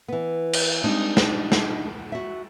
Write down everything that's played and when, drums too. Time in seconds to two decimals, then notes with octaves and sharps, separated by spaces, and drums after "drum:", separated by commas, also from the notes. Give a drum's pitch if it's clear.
0.08 E3 B3
0.53 drum: cymbal
0.84 G3 G#3 C4 D4 D#4
1.17 drum: snare
1.52 drum: snare
2.12 F#4 E5